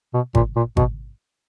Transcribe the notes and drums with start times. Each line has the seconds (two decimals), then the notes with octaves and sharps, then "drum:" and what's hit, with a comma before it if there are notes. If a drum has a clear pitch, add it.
0.14 B2
0.35 A#2, drum: kick G#1
0.56 A#2
0.77 B2, drum: kick G#1